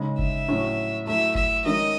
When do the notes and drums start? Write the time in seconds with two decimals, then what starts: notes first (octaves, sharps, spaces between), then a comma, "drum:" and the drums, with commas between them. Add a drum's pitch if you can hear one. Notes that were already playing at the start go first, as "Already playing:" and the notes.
Already playing: C#3 G#3 D#4
0.19 E5, drum: kick G1
0.48 A2 F#3 C#4
1.06 F#3 A3 E4 E5
1.35 E5, drum: kick G1
1.65 D#3 G#3 C#4 D#5